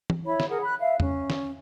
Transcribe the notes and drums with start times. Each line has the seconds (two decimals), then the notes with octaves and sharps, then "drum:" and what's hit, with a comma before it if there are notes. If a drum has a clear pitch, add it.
0.10 drum: tom
0.25 E4 C#5 B5
0.40 drum: snare
0.49 G#4 A#4 F#5
0.63 B5 F#6
0.80 E5 F5
1.00 C#4, drum: tom E2
1.30 drum: snare